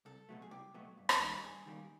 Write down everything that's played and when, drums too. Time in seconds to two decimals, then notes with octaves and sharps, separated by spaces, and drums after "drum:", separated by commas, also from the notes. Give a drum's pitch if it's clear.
0.05 C2 A4
0.29 B2 F#3 A3
0.42 G#4
0.51 C2 G4
0.74 B2 F#3 A3
0.97 G2
1.09 drum: rim click
1.20 D#3 G3 A#3
1.43 G2 G#4
1.66 D#3 G3 A#3